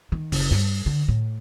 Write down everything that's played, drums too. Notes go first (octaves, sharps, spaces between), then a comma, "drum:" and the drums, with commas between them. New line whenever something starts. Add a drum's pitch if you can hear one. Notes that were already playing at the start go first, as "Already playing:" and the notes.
D#3
F#1, drum: open hi-hat
G2, drum: snare
D3
A2